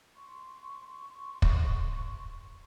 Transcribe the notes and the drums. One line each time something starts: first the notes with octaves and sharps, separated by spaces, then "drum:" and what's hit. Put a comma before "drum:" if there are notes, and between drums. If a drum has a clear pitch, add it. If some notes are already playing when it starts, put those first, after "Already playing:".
C6 C#6
drum: kick